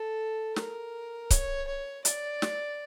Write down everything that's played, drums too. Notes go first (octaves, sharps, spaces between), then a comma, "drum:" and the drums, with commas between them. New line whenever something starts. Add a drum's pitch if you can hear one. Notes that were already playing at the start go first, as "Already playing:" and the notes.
Already playing: A4
A#4, drum: snare
C#5, drum: kick C#1, hi-hat
C#5
D5, drum: hi-hat
drum: snare